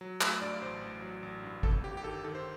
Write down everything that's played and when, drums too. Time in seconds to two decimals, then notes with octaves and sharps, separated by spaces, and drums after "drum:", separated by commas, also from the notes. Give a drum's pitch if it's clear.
0.01 F#3
0.21 A3, drum: clap
0.41 G2 D5
0.62 A1 C5
0.82 A1
1.02 F#3
1.23 A1
1.43 G2
1.63 G1 A4, drum: kick
1.84 G1 G4
1.97 G4
2.04 D#3 A4
2.24 D#3 A4
2.35 C5